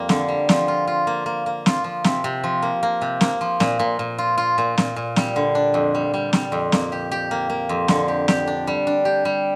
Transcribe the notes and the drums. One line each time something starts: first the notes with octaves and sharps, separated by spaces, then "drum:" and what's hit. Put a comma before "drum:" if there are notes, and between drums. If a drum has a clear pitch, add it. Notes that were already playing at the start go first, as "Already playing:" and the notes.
Already playing: F2 G3 A#3
D3, drum: snare
G3
F3, drum: snare
F4
F4
A#3
A#3
A#3
F4, drum: snare
F3
C3, drum: snare
C3
F3
A#3
A#3
C3
A#3, drum: snare
F3
A#2, drum: snare
A#2
A#2
F4
F4
A#2
A#2, drum: snare
A#2
G3, drum: snare
D3
D4
F2
G3
G3
G3, drum: snare
F2
A#3, drum: snare
G4
G4
A#3
A#3
F2
D3, drum: snare
G4
G4, drum: snare
D4
G3
D4
G4
G3